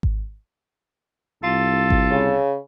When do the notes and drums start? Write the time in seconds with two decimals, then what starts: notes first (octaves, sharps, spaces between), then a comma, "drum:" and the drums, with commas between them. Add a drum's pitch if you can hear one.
0.03 drum: kick G#1
1.44 C2 F4 A4
1.90 drum: kick G#1
2.11 C#3